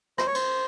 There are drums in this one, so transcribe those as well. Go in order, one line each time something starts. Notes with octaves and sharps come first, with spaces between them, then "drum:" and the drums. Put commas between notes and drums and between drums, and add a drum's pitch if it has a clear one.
C5, drum: rim click
C#5
C5, drum: cymbal